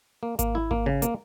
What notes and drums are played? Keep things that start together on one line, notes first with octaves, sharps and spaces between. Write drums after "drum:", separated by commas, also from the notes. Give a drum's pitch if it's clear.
A#3
A#3, drum: kick G#1, hi-hat
E4
A#3, drum: kick G#1
C#3
A#3, drum: hi-hat